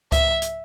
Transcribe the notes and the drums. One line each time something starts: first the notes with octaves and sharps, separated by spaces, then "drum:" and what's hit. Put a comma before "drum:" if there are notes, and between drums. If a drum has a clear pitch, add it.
E5, drum: kick C#2, hi-hat
drum: hi-hat